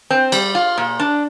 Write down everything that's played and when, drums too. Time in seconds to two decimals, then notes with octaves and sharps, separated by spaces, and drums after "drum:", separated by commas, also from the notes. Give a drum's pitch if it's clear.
0.10 C4
0.32 G3, drum: cymbal
0.55 F4
0.78 A#2
1.00 D4